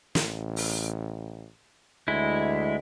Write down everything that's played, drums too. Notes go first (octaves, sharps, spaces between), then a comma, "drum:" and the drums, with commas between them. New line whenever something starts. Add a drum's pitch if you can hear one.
A1, drum: snare
drum: open hi-hat
D2 G#3 E4